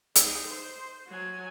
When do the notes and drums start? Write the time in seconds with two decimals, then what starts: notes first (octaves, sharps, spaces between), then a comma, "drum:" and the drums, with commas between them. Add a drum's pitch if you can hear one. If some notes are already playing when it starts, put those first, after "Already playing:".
0.15 D#4 G#4, drum: hi-hat
0.47 C5
1.08 F#3 G#5